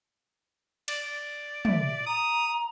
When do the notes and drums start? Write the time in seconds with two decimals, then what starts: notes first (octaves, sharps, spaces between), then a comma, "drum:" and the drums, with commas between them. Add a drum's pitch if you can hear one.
0.88 D5, drum: cymbal
1.07 D5
1.65 E5, drum: tom
2.06 A#5 D#6